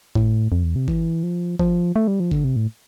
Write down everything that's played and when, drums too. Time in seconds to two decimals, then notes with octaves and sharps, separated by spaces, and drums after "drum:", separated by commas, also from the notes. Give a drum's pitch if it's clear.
0.15 A2, drum: kick G1
0.52 F2
0.63 E2
0.76 C3
0.88 E3, drum: kick G1
1.23 F3
1.59 F3, drum: kick G1
1.96 A3
2.08 G3
2.20 F3
2.31 D3, drum: kick G1
2.44 C3
2.56 A2